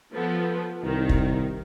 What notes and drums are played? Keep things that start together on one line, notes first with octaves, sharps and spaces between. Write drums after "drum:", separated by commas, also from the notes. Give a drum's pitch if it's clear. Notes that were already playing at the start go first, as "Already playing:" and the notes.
F3 B3 A4
C2 D#3
drum: kick